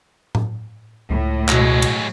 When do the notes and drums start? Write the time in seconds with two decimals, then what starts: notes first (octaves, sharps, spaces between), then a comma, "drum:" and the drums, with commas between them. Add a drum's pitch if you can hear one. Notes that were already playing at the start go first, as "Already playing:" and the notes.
0.35 drum: tom A2
1.10 C#2 A2
1.49 B2 F#3 G#3, drum: clap
1.82 drum: cymbal